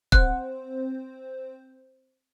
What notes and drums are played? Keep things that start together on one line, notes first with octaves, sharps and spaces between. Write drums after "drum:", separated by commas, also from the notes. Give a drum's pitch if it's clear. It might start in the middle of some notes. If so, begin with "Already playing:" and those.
C4 C5 F#5 F#6, drum: kick